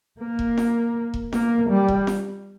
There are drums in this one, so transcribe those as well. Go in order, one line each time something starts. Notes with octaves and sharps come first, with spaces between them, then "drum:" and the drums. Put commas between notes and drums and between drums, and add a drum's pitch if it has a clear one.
A#3
drum: kick E1
drum: snare F4
drum: kick E1
A#3, drum: snare F4
G3
drum: kick E1
drum: snare F4